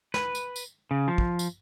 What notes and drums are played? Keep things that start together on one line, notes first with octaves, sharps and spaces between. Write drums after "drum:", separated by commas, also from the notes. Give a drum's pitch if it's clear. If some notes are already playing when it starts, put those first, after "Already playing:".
B4, drum: snare
drum: tambourine
drum: tambourine
C#3
F3
drum: kick
drum: tambourine